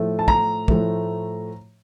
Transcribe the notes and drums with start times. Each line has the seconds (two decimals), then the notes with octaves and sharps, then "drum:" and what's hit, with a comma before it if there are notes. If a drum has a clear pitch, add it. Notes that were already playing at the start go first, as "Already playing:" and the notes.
Already playing: A2 F3 A3
0.19 A5
0.28 A#5, drum: kick
0.68 A2 F3 A3, drum: kick